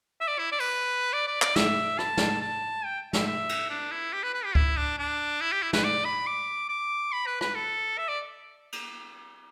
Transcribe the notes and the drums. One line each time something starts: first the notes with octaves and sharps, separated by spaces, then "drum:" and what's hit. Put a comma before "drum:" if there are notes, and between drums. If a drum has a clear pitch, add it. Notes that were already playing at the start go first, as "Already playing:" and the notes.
E5
D5
E4
D5
B4, drum: open hi-hat
D5
D5
D5, drum: clap
E5, drum: snare
A5, drum: rim click
drum: snare
A5
G5
E5, drum: snare
E5
drum: cymbal
D4
E4
G4
B4
B4
G4
E4, drum: kick C#2
D4
D4
E4
G4
E4
B4, drum: snare
D5
B5
D6
D6
B5
B4
B4, drum: rim click
A4
E5
D5
drum: cymbal